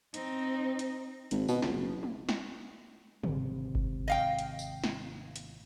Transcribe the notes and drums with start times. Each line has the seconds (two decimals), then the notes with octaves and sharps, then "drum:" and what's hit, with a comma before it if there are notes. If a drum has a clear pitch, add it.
0.14 C4 D#4, drum: hi-hat
0.79 drum: hi-hat
1.31 G#1, drum: hi-hat
1.48 B2, drum: tambourine
1.62 C#2, drum: snare
1.74 F#1
2.03 drum: tom
2.29 drum: snare
3.24 G#1 C3, drum: tom
3.75 drum: kick G1
4.08 D#5 F5 G5
4.39 drum: hi-hat
4.59 drum: tambourine
4.84 drum: snare
5.36 drum: hi-hat